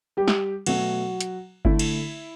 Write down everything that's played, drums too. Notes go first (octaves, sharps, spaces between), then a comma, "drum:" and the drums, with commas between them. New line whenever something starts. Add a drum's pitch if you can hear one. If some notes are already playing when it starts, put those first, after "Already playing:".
G3 G4
drum: snare
B2 F#3 A3 F#4, drum: cymbal
drum: hi-hat
D3 A3 E4, drum: kick G1
drum: cymbal